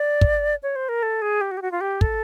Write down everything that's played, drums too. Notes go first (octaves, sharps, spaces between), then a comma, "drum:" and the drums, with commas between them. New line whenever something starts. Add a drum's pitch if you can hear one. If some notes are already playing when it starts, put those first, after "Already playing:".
Already playing: D5
drum: kick
C#5
C5
A#4
A4
G#4
G4
F#4
G4
F#4
F4
G4
A4, drum: kick